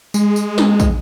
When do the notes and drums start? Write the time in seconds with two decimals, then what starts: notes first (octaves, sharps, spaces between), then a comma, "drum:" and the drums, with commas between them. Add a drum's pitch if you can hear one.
0.14 G#3, drum: tambourine
0.36 drum: tambourine
0.58 drum: snare
0.80 drum: kick, tambourine